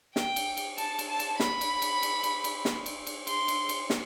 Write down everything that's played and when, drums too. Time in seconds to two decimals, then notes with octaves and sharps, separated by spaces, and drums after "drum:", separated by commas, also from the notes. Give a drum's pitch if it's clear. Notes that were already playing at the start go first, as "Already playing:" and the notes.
0.16 G5, drum: snare
0.36 drum: cymbal
0.57 drum: cymbal
0.78 A5, drum: cymbal
0.99 drum: cymbal
1.09 A5
1.19 drum: cymbal
1.40 B5, drum: snare
1.61 drum: cymbal
1.82 drum: cymbal
2.03 drum: cymbal
2.23 drum: cymbal
2.44 drum: cymbal
2.65 drum: snare
2.86 drum: cymbal
3.07 drum: cymbal
3.27 C6, drum: cymbal
3.48 drum: cymbal
3.69 drum: cymbal
3.90 drum: snare